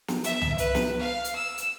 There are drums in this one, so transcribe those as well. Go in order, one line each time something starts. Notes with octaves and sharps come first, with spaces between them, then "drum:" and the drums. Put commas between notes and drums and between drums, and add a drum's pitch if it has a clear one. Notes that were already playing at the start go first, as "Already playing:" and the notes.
drum: snare
E5, drum: hi-hat
drum: tom
B4, drum: hi-hat
drum: snare
F5
drum: hi-hat
E6
drum: hi-hat